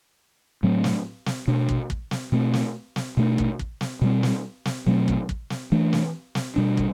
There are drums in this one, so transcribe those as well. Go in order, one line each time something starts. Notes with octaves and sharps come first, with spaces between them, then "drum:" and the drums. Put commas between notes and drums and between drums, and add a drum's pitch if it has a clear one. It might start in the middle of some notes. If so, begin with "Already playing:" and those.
A2 F#3 A3 C4
drum: snare
drum: snare
B2 A3 D4
drum: kick
drum: kick
drum: snare
B2 A3 C4
drum: snare
drum: snare
B2 A3 D4
drum: kick
drum: kick
drum: snare
B2 G3 C4
drum: snare
drum: snare
B2 F#3 A3 C4
drum: kick
drum: kick
drum: snare
E3 A3 D4
drum: snare
drum: snare
B2 G3 D4
drum: kick